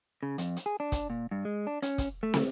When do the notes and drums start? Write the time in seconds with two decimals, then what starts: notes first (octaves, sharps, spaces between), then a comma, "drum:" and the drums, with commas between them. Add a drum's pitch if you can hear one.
0.23 C#3
0.38 F2, drum: hi-hat
0.57 drum: hi-hat
0.66 G#4
0.80 D4
0.92 drum: kick, hi-hat
1.10 A#2
1.31 G2
1.45 G#3
1.67 D4
1.82 C#4, drum: hi-hat
1.98 drum: kick, hi-hat
2.23 A3
2.34 drum: snare